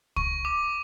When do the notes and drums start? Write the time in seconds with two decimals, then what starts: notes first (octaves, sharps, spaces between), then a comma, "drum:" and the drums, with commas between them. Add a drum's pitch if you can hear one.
0.16 C#6, drum: kick
0.45 D6